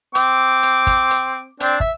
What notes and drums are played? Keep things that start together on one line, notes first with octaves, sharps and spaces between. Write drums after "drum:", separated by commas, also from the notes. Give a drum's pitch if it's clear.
C4 D6, drum: hi-hat
drum: hi-hat
drum: kick, hi-hat
drum: hi-hat
C4 D4, drum: hi-hat
E5, drum: kick